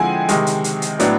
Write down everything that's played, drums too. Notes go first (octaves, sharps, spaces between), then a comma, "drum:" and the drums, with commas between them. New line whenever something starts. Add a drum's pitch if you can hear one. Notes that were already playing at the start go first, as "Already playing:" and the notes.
Already playing: D3 F3 G#3 C4 E4 F#5 G#5
C3 D#3 G#3, drum: hi-hat
drum: hi-hat
drum: hi-hat
drum: hi-hat
A2 F#3 B3 D4, drum: hi-hat